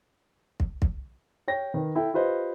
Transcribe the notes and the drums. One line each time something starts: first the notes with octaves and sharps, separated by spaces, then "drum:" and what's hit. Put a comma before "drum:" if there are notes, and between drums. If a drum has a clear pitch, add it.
drum: kick
drum: kick
C#5 G5 A#6
D#3 B4
E4 A4 G5
F4 G4 B4 C5 D#5